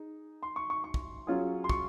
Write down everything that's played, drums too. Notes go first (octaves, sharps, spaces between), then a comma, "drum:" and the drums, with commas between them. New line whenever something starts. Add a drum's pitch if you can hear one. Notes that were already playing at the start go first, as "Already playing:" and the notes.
Already playing: D#4 G#4
C6
C#6
C#6
C#6
drum: kick
F#3 C#4 F4 G#4
C6
C#6, drum: kick